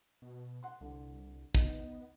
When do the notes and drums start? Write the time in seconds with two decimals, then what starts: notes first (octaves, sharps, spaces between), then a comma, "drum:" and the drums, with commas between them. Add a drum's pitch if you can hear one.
0.22 B2
0.63 F#5 C6
0.81 C2 D3
1.55 B3 D#4, drum: kick